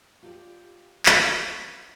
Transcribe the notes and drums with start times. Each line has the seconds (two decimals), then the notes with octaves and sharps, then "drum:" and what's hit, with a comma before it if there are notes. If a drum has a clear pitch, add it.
0.23 F4 G4 D5
1.06 drum: clap